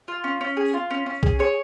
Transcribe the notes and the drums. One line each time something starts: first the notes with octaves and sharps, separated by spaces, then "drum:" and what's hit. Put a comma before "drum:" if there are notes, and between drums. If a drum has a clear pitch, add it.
F4
C#4
C#4
G#4
F4
C#4
C#4
G#4, drum: kick B1
G#4 C#5